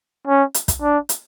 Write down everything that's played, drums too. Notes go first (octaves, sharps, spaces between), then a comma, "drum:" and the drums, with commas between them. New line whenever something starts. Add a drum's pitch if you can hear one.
C#4
drum: hi-hat
drum: kick, hi-hat
D4
drum: hi-hat